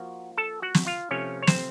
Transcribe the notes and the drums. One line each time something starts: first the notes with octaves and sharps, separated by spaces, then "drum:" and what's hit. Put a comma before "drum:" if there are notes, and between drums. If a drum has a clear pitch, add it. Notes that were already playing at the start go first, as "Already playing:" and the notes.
Already playing: F3 A#3 F4 F#4
A4 A5
F#4 F#5
drum: snare
F4 F5
C3 F3 A3 C#4 C#5
C#5
C4 C5, drum: snare